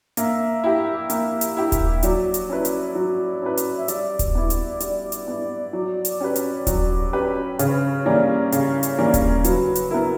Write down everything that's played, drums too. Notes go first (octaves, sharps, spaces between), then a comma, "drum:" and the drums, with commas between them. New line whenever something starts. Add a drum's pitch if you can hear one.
A#3 E5, drum: hi-hat
E4 G4
A#3, drum: hi-hat
drum: hi-hat
E4 G4
drum: kick D#1, hi-hat
F#3 D5, drum: hi-hat
drum: hi-hat
C#4 E4 B4
drum: hi-hat
F#3
C#4 E4 B4
drum: hi-hat
E5
G3 D5, drum: hi-hat
drum: kick D#1, hi-hat
B3 E4
drum: hi-hat
G3, drum: hi-hat
drum: hi-hat
B3 E4
F#3
drum: hi-hat
C#4 G4 B4
drum: hi-hat
F#3, drum: kick D#1, hi-hat
C#4 G4 B4
C#3 C#5, drum: hi-hat
B4
C#5
E3 G3 A#3
C#3, drum: hi-hat
drum: hi-hat
E3 G3 A#3
drum: kick D#1, hi-hat
F#3 B4, drum: hi-hat
drum: hi-hat
B3 E4 A#4